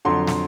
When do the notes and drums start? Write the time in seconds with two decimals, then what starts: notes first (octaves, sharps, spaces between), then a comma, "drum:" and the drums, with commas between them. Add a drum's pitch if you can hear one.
0.05 F2 D3 F#3 C6
0.27 drum: snare